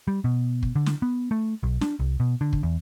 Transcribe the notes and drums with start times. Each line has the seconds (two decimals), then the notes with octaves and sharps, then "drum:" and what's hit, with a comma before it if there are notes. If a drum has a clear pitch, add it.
0.08 G3
0.24 B2
0.63 drum: kick
0.76 D3
0.86 drum: snare
1.02 B3
1.31 A3
1.63 B1
1.81 D4, drum: snare
1.99 C2
2.20 B2
2.41 D3
2.53 drum: kick
2.63 E2